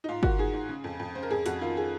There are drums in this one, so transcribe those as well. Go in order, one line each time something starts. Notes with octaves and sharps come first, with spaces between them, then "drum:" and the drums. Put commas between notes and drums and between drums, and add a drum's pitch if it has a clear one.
D#4
G#2 F4
D#3 F#4, drum: kick G1
G#2 G#4
G#2
C#3
F2
F2
C#3 C5
A#4
F2 G#4
F2 F#4, drum: hi-hat
D#3 F4
G#4